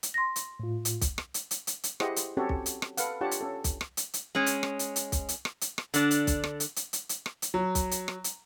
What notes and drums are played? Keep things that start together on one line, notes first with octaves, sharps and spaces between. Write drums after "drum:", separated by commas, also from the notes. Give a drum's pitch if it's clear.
drum: hi-hat
C6 A#6
drum: hi-hat
A2 F4
drum: hi-hat
drum: kick, hi-hat
drum: rim click
drum: hi-hat
drum: hi-hat
drum: hi-hat
drum: hi-hat
E4 G4 G#4 C5 D#5 F#5, drum: rim click
drum: hi-hat
C4 C#4 F#4 G4 A4 C#5
drum: kick
drum: hi-hat
drum: rim click
A4 B4 F5 F#5, drum: hi-hat
D4 F4 G4 C#5 F#5 A5
drum: hi-hat
C#4 A4
drum: kick, hi-hat
drum: rim click
drum: hi-hat
drum: hi-hat
G#3 C#4
drum: hi-hat
drum: rim click
drum: hi-hat
drum: hi-hat
drum: kick, hi-hat
drum: hi-hat
drum: rim click
drum: hi-hat
drum: rim click
D3 D4, drum: hi-hat
drum: hi-hat
drum: kick, hi-hat
drum: rim click
drum: hi-hat
drum: hi-hat
drum: hi-hat
drum: hi-hat
drum: rim click
drum: hi-hat
F#3
drum: kick, hi-hat
drum: hi-hat
drum: rim click
drum: hi-hat